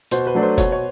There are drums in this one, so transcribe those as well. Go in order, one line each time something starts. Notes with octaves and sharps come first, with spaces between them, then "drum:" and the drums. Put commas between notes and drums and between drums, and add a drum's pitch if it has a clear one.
B2 C5, drum: hi-hat
B4
F#3 A3 D4
C5
B2 C#5, drum: kick F1, hi-hat
C#5